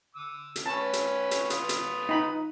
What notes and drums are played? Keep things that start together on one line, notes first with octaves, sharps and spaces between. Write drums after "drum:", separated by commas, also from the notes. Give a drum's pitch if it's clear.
D6 E6
drum: hi-hat
C#4 B4 C#5 A5
drum: hi-hat
drum: hi-hat
F4 B4 D#6, drum: hi-hat
drum: hi-hat
D#4 B5